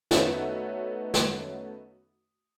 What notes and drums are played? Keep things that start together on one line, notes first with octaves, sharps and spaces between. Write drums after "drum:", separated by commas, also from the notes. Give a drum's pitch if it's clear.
A3 B3 C#4 D#4 F#4 E5, drum: snare
drum: snare